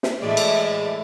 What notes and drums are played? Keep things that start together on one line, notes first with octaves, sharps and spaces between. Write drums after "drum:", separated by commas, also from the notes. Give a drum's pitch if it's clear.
drum: snare
A2 E3 G#3 A3 D5 E5
drum: cymbal